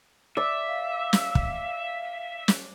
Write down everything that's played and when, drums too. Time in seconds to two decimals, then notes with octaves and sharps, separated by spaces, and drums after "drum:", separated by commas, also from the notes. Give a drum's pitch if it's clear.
0.37 D5 E5
0.68 F5
1.13 drum: snare
1.35 drum: kick
2.48 drum: snare